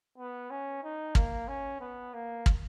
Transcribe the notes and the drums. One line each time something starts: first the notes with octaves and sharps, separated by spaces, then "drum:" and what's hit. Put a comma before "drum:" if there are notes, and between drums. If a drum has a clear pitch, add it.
B3
C#4
D#4
A#3, drum: kick
C#4
B3
A#3
drum: kick